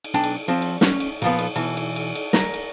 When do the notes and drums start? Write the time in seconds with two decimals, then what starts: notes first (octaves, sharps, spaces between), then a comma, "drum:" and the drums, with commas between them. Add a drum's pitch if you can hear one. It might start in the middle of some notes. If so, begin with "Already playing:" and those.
0.04 drum: cymbal
0.14 B1 D4 G5 G#5
0.24 drum: cymbal
0.48 F3 C4
0.62 drum: cymbal
0.81 C#4, drum: snare
1.00 drum: cymbal
1.22 A#2 F3 B3, drum: cymbal
1.39 drum: cymbal
1.56 B2 E3, drum: cymbal
1.77 drum: cymbal
1.96 drum: cymbal
2.15 drum: cymbal
2.33 A#4, drum: snare
2.54 drum: cymbal